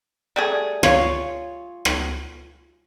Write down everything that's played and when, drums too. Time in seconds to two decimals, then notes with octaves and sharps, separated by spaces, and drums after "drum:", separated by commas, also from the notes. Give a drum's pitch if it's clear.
0.36 G3 A3 G#4
0.83 F4 C#5, drum: rim click
1.85 drum: rim click